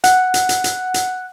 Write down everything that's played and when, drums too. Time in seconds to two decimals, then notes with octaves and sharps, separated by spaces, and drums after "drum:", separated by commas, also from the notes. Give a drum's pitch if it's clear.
0.04 F#5, drum: hi-hat
0.34 drum: hi-hat
0.49 drum: hi-hat
0.64 drum: hi-hat
0.94 drum: hi-hat